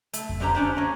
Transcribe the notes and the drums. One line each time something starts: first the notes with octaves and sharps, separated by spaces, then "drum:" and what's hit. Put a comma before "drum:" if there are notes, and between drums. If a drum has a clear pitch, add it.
A3, drum: hi-hat
drum: kick F2
D3 C#4 G4 C5 A#5
C#4 D4 C5
A#3 C#4